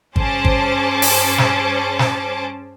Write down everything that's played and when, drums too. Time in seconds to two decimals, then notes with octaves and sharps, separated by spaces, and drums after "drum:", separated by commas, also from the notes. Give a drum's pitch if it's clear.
0.16 G2 C#4 G#4 C5 A5 D6, drum: kick G#1
0.45 drum: kick G#1
1.02 drum: open hi-hat
1.38 drum: snare
1.99 drum: snare